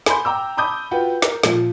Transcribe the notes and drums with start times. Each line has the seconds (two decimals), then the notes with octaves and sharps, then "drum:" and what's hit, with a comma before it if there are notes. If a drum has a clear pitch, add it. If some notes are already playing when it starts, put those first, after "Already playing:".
0.06 G#5 B5 C6 G6, drum: snare
0.25 G5 A#5 D6 E6
0.57 A5 B5 D6 D#6 G6
0.91 F4 F#4 B4 G5
1.22 A#4, drum: snare
1.43 A#2 F3 F4, drum: snare